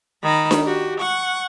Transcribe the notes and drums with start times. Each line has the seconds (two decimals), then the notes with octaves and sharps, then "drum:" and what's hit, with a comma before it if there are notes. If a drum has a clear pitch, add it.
0.23 D#3 B5
0.51 drum: snare D4
0.64 F#4 G4
1.00 F#5 C#6